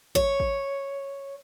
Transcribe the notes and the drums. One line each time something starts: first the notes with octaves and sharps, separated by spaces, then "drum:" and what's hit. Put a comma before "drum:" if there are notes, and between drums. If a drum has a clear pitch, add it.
C#5, drum: kick
drum: kick